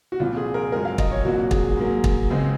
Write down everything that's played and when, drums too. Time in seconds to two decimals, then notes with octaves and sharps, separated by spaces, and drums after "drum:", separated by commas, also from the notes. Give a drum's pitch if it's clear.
0.12 F#4
0.20 C2 A#2 F3 C4 F4
0.37 G#4
0.54 A#4
0.72 F#2 F3 G#3 C4 A#4
0.85 F5
0.98 D#5, drum: kick
1.11 C#5
1.24 C2 A#2 F#3 A#3 F#4
1.51 G#4, drum: kick
1.77 G#2 F#3 A#3
2.04 drum: kick
2.30 C#2 C#3 G#3 C4